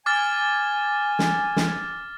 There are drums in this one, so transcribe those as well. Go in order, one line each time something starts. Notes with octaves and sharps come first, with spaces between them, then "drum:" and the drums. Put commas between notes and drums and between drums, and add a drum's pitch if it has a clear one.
G#5 D6 F6 A6
drum: snare
drum: snare